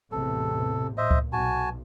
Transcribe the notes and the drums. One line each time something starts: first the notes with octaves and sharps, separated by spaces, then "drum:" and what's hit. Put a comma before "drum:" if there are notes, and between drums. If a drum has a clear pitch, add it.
A1 E2 C3 A4
A#2 C5 D#5 E5
drum: kick C#2
B1 F#4 G#5 A5